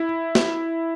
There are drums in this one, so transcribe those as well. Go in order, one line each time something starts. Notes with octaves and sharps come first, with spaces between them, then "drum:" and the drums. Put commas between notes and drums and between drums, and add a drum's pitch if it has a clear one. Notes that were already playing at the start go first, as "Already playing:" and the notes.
Already playing: E4
drum: snare